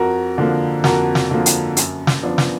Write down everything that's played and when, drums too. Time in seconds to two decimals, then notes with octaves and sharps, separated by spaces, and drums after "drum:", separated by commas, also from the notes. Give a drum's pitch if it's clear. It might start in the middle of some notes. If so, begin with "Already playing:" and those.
Already playing: F2 F#4 A#4
0.38 D3 F3 A#3
0.84 F2 F#4 A#4, drum: snare
1.15 drum: snare
1.31 D3 F3 A#3
1.46 drum: hi-hat
1.77 F#2, drum: hi-hat
2.07 drum: snare
2.23 F3 B3 D4
2.38 drum: snare